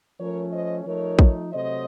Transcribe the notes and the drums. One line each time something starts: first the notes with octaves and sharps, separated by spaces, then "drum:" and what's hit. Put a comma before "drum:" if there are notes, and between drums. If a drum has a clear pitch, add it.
F3 A3 C#4 A#4 C#5
C5 D#5
F3 A3 D#4 A#4 C#5
drum: kick
C3 F#3 A3 C5 D#5